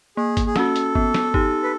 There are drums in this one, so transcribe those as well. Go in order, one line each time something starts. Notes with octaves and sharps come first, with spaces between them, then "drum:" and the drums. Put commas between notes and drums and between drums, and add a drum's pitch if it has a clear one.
A#3 G#4
drum: kick G1, hi-hat
G#4
C#4 F#4 A4, drum: snare
drum: hi-hat
B3, drum: kick G1
drum: snare
D#4 G4, drum: kick G1
B4